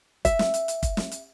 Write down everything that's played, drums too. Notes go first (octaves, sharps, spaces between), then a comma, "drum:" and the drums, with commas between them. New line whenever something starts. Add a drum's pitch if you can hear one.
E5, drum: kick, hi-hat
drum: snare
drum: hi-hat
drum: hi-hat
drum: kick, hi-hat
drum: snare
drum: hi-hat